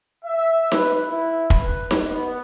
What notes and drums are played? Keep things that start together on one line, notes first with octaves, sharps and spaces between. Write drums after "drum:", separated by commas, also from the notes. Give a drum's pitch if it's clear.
E5
B4, drum: snare D#4
E4
drum: kick
B4
drum: snare D#4
B3